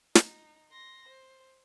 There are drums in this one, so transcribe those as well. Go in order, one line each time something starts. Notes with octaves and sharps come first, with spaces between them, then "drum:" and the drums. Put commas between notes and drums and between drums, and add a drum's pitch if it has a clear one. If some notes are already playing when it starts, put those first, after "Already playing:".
D#4, drum: snare
C6 A#6
C5